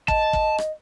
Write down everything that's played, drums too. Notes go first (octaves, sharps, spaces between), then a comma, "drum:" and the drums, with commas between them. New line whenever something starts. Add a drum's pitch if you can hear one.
D#5 A5, drum: kick
drum: kick
drum: rim click